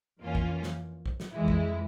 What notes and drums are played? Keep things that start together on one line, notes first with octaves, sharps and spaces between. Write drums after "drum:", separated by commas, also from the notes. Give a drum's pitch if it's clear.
F2 E3 A#3 C#4 F4
drum: kick
drum: snare
drum: kick
drum: snare
F2 E3 G#3 E4
drum: kick